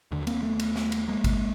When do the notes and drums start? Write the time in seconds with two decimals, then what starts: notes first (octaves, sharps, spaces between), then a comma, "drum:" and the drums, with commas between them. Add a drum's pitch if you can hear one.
0.11 D#2 D3
0.27 A#3 C4, drum: cymbal
0.43 A3 B3
0.59 drum: cymbal
0.76 drum: snare
0.92 drum: cymbal
1.08 G#3 A#3
1.24 drum: kick G#1, cymbal